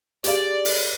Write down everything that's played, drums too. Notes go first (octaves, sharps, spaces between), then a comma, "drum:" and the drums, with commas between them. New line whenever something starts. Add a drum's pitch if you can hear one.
G4 G#4 D5 F5, drum: hi-hat
drum: open hi-hat